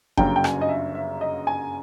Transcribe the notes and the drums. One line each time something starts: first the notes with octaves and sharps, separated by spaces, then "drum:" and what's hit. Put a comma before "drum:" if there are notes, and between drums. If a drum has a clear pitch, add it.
G1 F#2 C#3 F#3 A#3 G5, drum: kick F#1
G5
G#5, drum: rim click
D#5
E5
E5
D#5
G#5